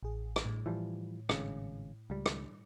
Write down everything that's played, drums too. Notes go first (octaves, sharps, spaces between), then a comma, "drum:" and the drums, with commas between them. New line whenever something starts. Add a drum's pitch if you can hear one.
A1 G#4
drum: rim click
A2
E3 F3 G3
G#1 C#3, drum: rim click
C#2 G3
drum: rim click